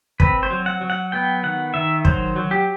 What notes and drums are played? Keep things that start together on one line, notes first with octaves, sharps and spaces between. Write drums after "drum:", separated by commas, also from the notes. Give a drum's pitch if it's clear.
C4 B4, drum: kick
C5
F#3
F#5
F#3
F#5
B3 G5
D#3 F#5
D#3 E5
F#3 C5, drum: kick
F#3
G4